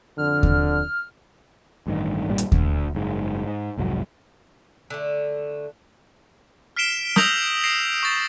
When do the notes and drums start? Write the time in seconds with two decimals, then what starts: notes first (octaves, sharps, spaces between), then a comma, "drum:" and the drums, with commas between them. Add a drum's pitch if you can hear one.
0.18 F2 D3 F6
0.43 drum: kick D#2
1.87 A1 G2 D#3
2.28 G#1 G2 A#2 G3
2.38 drum: hi-hat
2.52 D2, drum: kick D#2
2.95 F#1 G#2
3.46 G#2
3.78 F1 C2 G#2 F#3
4.90 D3 A3
6.76 F6 B6 C7 D7 E7 G7
7.16 D#6 E6 G6 A#6 F7 F#7, drum: snare
7.64 A#6 C7 D7 E7
8.03 C#6 A6